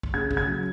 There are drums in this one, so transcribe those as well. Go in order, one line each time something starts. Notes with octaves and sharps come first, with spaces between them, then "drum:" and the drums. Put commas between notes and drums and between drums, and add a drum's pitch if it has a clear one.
drum: kick
C#3 G#6
C#3, drum: kick
G#6
F#3